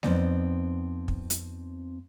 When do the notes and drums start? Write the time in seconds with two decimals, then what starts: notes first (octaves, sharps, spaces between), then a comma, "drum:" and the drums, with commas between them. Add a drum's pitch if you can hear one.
0.03 F2 B3 C4 D#4 D5, drum: snare G#3
1.08 drum: kick
1.30 drum: hi-hat